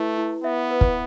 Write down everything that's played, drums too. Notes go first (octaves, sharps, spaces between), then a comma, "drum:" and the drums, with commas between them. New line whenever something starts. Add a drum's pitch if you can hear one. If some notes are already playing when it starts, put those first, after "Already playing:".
Already playing: A3 E4 B4
E4
B3 E5
B4
drum: kick